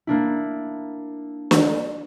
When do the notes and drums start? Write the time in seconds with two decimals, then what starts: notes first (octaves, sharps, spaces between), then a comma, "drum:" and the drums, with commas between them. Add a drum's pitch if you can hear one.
0.07 A#3 D4 E4
1.51 drum: snare